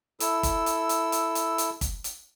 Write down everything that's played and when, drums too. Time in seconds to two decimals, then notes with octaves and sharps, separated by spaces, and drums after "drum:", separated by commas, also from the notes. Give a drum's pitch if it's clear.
0.20 E4 A4 E6, drum: hi-hat
0.43 drum: kick, hi-hat
0.66 drum: hi-hat
0.89 drum: hi-hat
1.12 drum: hi-hat
1.35 drum: hi-hat
1.58 drum: hi-hat
1.81 drum: kick, hi-hat
2.04 drum: hi-hat